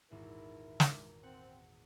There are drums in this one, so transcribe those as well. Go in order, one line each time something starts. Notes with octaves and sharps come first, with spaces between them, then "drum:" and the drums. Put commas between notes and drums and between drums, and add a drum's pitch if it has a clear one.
G#1 E2 A#2 E4 A#4
drum: snare
C4 F#5